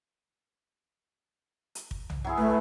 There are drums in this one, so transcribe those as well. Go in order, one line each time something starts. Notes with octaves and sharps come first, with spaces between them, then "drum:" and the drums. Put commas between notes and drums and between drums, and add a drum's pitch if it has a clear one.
drum: hi-hat
drum: kick
drum: tom
F#3 E4 G#4
A3 B4